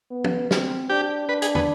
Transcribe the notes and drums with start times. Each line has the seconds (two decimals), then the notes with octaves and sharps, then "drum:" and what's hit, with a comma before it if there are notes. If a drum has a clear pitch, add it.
0.11 B3
0.24 drum: tom
0.51 C4, drum: snare
0.89 D4 G4
1.29 D4 B4
1.42 G#4, drum: hi-hat
1.55 B3, drum: tom